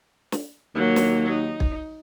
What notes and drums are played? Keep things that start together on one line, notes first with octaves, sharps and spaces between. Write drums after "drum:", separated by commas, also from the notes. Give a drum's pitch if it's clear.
drum: snare
D#2 F#3 A#3
drum: snare
D#4
drum: kick